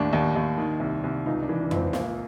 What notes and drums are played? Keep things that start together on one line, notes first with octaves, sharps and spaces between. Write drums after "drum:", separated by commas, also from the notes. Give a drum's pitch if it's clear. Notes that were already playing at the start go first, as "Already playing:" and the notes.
Already playing: D#2 A2 D4
D#2
D#2
D#3
C2
C2
C#2 D#4
D4
E3
D4
C#2, drum: tom F2
C4
A#1 A#3, drum: snare